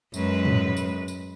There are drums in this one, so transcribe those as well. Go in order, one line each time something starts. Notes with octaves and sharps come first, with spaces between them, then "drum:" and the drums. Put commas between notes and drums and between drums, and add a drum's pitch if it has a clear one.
F#2 G#3 B4, drum: tambourine
drum: tom
drum: tambourine
drum: tambourine